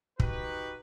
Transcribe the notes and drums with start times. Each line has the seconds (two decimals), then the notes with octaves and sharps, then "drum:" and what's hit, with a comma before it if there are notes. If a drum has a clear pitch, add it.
0.20 D#4 F#4 G4 B4, drum: kick